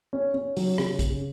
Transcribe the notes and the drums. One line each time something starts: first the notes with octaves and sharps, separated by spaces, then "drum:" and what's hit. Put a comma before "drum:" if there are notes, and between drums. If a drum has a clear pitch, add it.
C#4
C#4
F#3, drum: open hi-hat
C#3, drum: rim click
C#3, drum: kick, hi-hat